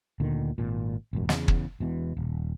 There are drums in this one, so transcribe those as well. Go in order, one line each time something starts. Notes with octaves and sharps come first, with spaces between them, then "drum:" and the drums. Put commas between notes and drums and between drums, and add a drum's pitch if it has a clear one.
D2 A#2 D3 D#3
G#1 A#2
E1 A1 F#2
E2 C#3, drum: snare
drum: kick
E1 B2 E3
D#1